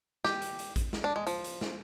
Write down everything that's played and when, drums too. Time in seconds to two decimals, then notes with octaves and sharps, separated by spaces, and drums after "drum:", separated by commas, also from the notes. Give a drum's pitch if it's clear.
0.24 G4, drum: snare
0.42 drum: hi-hat
0.59 drum: hi-hat
0.76 drum: kick A1, hi-hat
0.93 drum: snare
1.04 D4
1.16 G#3
1.27 F3, drum: hi-hat
1.44 drum: hi-hat
1.61 drum: snare